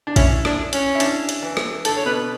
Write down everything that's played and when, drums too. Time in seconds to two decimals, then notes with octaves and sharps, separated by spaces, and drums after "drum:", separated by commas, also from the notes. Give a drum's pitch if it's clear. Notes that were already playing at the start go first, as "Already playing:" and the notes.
0.07 D4
0.16 C#4 E4, drum: kick A1, hi-hat
0.45 D4, drum: rim click
0.73 C#4, drum: hi-hat
0.95 E4
1.00 D4, drum: hi-hat
1.29 drum: hi-hat
1.42 E3
1.57 drum: rim click
1.85 D3 A4, drum: hi-hat
1.97 C#5
2.06 B2 B4